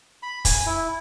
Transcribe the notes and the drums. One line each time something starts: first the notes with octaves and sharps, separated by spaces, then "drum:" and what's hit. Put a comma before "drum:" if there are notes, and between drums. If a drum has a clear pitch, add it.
B5
G#5, drum: kick, hi-hat
E4